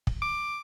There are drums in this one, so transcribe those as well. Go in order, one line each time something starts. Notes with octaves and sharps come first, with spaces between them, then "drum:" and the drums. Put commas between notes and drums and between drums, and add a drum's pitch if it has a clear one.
drum: kick
D6